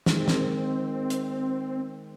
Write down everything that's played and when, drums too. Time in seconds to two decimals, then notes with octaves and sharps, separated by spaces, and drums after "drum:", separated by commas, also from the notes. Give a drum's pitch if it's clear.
0.06 D#3 G#3 C4, drum: snare
0.28 drum: snare
1.10 drum: hi-hat